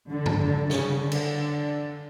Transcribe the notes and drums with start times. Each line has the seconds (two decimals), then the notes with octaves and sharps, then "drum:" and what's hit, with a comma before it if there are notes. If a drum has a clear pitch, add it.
0.09 D3
0.26 drum: tom
0.40 D3
0.70 C#3, drum: snare
1.01 D3
1.12 drum: cymbal